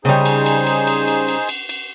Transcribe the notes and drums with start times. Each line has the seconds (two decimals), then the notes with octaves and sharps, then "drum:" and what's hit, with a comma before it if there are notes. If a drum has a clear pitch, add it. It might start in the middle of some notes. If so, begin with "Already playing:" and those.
0.05 C#3 G3 D#4 G#4 C5
0.25 drum: cymbal
0.46 drum: cymbal
0.67 drum: cymbal
0.87 drum: cymbal
1.08 drum: cymbal
1.28 drum: cymbal
1.49 drum: cymbal
1.69 drum: cymbal